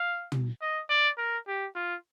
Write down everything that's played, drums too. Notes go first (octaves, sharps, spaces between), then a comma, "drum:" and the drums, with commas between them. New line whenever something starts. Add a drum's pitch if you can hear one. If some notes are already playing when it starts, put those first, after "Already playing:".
Already playing: F5
drum: tom
D#5
D5
A#4
G4
F4